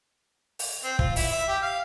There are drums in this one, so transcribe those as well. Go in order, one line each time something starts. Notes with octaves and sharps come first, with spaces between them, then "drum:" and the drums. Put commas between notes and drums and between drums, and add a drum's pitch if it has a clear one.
drum: open hi-hat
C4
F4, drum: kick
E4, drum: open hi-hat
E5
G4
F5